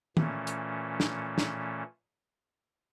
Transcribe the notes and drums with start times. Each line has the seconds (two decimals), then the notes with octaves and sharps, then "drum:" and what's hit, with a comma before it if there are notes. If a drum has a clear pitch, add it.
0.17 A#2 E3 A3 C#4, drum: tom D#3
0.47 drum: hi-hat
1.00 drum: snare
1.38 drum: snare